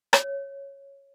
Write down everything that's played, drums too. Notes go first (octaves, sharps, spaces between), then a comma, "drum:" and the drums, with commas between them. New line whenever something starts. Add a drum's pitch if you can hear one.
C#5, drum: rim click